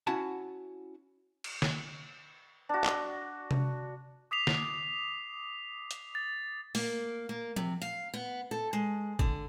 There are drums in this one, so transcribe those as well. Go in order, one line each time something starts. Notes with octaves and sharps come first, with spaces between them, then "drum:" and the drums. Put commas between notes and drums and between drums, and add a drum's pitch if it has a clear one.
C#4 E4 F#4 F#5 A5
drum: cymbal
drum: snare
D4 F#4
drum: clap
drum: tom C3
D6 D#6 B6 C7 F7
drum: snare
drum: hi-hat
A6
A#3, drum: open hi-hat
A#3
C3, drum: tom F3
F5
B3
A4
G#3
D3, drum: kick